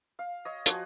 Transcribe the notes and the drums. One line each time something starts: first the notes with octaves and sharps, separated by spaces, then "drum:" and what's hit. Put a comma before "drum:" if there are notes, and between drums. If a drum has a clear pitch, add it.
F5
C#5 D#5
F3 F#4 G#5, drum: hi-hat